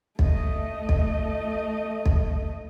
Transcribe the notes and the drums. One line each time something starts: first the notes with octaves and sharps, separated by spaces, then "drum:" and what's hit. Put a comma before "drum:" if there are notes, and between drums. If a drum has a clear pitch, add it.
A3 D#5, drum: kick
drum: kick
drum: kick